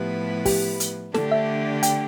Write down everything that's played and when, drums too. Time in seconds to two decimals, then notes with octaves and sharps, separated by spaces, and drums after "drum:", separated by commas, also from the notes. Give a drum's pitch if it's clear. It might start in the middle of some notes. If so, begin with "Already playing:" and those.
Already playing: A2 F3 B3 E4 G4 B4
0.45 G4, drum: kick, open hi-hat
0.80 drum: hi-hat
1.14 D3 A3 D4 G4 A4, drum: snare
1.32 E5
1.83 G5, drum: hi-hat